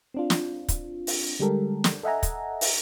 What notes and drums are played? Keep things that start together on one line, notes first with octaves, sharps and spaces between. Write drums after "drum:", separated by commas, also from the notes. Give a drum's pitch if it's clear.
C4 D4 F4
drum: snare
drum: kick, hi-hat
drum: open hi-hat
D3 G3 G#3 G4 A4 A#4
drum: snare
A4 D#5 E5 F#5 G#5 A#5
drum: kick, hi-hat
drum: open hi-hat